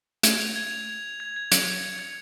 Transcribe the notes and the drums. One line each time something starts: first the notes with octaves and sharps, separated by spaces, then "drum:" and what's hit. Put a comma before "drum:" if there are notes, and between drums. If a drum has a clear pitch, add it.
A3 G#6, drum: hi-hat
F7
G#6
F7
F7
F7
G#6
G#6
F#3 C#7, drum: hi-hat
F7
F7
G#6